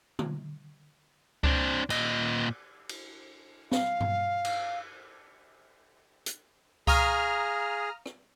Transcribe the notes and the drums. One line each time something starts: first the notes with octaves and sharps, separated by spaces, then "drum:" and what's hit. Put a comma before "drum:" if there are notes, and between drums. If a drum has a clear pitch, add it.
drum: tom D3
C4 D4, drum: kick C#2
A#2 D#5, drum: cymbal
drum: cymbal
F5, drum: snare C4
drum: tom G2
drum: cymbal
drum: hi-hat
G#4 F5 A#5 C#6 D#6 F6, drum: kick C#2
drum: rim click